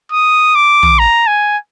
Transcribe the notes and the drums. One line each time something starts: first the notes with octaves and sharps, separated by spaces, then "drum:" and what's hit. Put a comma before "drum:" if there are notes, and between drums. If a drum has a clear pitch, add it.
D#6
D6
drum: tom
A#5
G#5